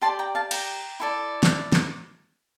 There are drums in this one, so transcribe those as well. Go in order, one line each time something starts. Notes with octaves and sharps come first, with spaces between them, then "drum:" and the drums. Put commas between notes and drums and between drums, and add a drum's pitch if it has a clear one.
G4 D5 A5 C6
G5 A#5
F5 A5
G5 A#5, drum: cymbal
E4 A4 D5
drum: snare
drum: snare